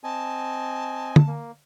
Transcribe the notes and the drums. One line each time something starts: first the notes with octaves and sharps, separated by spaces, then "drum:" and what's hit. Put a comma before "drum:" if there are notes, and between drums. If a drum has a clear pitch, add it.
C4 D#5 G#5 A5
drum: tom
A#3